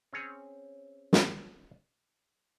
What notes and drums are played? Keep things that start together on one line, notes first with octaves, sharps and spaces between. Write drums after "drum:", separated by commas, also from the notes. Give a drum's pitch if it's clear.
C4 C#4 G#4 C#5
drum: snare